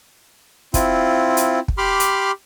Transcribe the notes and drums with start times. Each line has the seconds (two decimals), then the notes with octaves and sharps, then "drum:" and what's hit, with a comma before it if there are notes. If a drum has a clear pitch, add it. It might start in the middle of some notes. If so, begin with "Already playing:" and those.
0.74 C4 E4 F4, drum: kick, hi-hat
1.37 drum: hi-hat
1.68 drum: kick
1.78 G4 B5 C6 D6 F6
2.00 drum: hi-hat